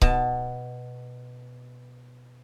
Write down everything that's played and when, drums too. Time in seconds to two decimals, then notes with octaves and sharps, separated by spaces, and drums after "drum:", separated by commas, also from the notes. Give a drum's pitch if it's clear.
0.02 B2 A5, drum: kick C#1